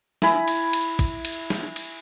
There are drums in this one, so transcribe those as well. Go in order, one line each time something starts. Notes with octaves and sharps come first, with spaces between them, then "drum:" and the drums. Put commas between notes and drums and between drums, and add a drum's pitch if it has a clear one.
E4 G#5 B5, drum: snare
drum: cymbal
drum: cymbal
drum: kick, cymbal
drum: cymbal
drum: snare
drum: cymbal